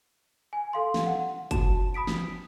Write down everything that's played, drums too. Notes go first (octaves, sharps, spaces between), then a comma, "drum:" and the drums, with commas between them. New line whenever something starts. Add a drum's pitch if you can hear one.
G#5
A4 F5 C6
drum: snare
F#5
F#4 A5 E7, drum: kick F#1, hi-hat
B5 D#6 B6 D7
drum: snare